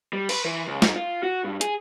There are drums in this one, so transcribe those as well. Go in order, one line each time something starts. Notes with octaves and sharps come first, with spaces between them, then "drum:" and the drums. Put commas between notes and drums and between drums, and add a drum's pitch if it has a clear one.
G3
B4, drum: cymbal
E3
C#2
G#2, drum: snare
F4
F#4
G2
G#4, drum: hi-hat